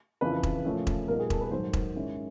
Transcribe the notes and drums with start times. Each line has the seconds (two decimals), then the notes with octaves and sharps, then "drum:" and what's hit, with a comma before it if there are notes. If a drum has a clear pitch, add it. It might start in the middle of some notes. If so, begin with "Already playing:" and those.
0.21 F2 C#3 E3 B4
0.43 drum: kick E1
0.65 A#2 F3 A3 C#4
0.87 drum: kick E1
1.08 A#2 G3 B3 D#4 A#4
1.20 G#4
1.30 A4, drum: kick E1
1.41 B4
1.51 G#2 D#3 F#3 C5
1.73 drum: kick E1
1.95 D#3 G#3 C#4 E4